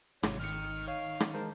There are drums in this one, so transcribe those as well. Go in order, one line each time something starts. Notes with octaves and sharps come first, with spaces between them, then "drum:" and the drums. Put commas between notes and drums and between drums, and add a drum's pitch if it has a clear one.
G#1 C3 G#3 F4 C#5, drum: rim click
G#1 D#3 F6 C#7
C#5 F5
drum: rim click
G#3 A#4 C5 A5